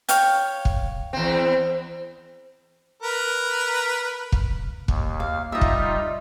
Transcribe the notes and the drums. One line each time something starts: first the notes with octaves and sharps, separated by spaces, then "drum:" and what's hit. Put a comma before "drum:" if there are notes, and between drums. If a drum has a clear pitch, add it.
C#5 F5 G5, drum: hi-hat
drum: kick
E2 C4
A#4 B4
drum: kick
D#2, drum: kick
F5
G3 D#4 F4 D#5 E5
drum: kick